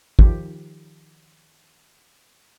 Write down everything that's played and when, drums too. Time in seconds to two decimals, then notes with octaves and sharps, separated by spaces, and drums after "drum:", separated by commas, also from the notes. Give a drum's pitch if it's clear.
0.19 D#3 F3 G4, drum: kick